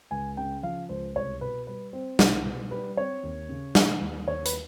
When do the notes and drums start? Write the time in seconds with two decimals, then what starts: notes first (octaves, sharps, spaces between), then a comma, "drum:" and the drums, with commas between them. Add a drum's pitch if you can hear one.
0.11 C#2 G#5
0.37 C#3 G5
0.63 F3 F5
0.89 C#2 C5
1.16 C2 C#5
1.41 B2 B4
1.67 G3 B4
1.93 C4 C5
2.19 C2, drum: snare
2.46 B2
2.71 G3 B4
2.97 C4 C#5
3.23 D#2
3.49 C#3
3.75 E3, drum: snare
4.01 D#2
4.27 D#2 C#5
4.45 B4, drum: hi-hat